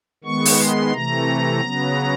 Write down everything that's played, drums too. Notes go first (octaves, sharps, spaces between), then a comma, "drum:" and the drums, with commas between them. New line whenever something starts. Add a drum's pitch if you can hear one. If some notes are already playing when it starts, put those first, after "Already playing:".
D#3 G#3 B3 C#6
drum: open hi-hat
C6
C3 E3 A3 A#5
C#3 F#3 B3